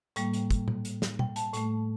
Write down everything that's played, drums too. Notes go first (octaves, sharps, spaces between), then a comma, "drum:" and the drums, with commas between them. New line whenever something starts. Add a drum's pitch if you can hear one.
A2 G3 A#3 G5, drum: hi-hat
drum: hi-hat
drum: kick, hi-hat
drum: tom A#2
drum: hi-hat
drum: snare
G5, drum: tom
A5, drum: hi-hat
A2 A3, drum: hi-hat